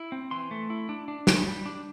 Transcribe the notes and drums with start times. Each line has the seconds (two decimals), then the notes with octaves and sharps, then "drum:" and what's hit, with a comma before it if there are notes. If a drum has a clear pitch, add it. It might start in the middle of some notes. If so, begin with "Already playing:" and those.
Already playing: E4
0.12 C4
0.31 E3 C6
0.51 A3
0.70 E4
0.89 D4
1.08 D4
1.27 G3, drum: snare
1.47 G3
1.66 D4